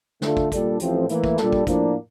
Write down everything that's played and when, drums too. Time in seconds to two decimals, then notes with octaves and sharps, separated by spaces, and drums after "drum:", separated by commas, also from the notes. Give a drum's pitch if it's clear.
0.22 D3 A3 D4 F4 A4, drum: snare
0.37 drum: kick
0.52 A#2 G3 D4 A4, drum: kick, hi-hat
0.80 A1 A2 F3 C4, drum: hi-hat
1.09 A2 E3 A#3 E4, drum: hi-hat
1.24 drum: kick
1.38 A#2 G3 D4 A4, drum: snare
1.53 drum: kick
1.67 A2 F3 A#3 D4, drum: kick, hi-hat